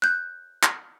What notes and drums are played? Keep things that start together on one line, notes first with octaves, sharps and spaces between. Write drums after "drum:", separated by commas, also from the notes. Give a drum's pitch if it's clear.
F#6 G6
drum: clap